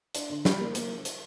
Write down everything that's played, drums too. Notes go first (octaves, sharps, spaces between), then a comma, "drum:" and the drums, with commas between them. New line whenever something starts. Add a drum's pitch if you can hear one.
D4, drum: hi-hat
D3
G3, drum: snare
A#3
A#3, drum: hi-hat
drum: hi-hat